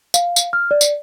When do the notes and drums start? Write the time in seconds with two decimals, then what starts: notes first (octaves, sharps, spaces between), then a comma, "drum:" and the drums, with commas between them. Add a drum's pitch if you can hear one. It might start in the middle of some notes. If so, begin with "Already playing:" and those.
0.14 F5, drum: tambourine
0.36 drum: tambourine
0.53 F6
0.71 D5
0.81 drum: tambourine